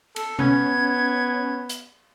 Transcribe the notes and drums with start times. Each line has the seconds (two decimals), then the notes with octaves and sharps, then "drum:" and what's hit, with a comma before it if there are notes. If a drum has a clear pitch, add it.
0.16 A4, drum: cymbal
0.39 B3 C#4 G#6, drum: tom B2
1.69 drum: hi-hat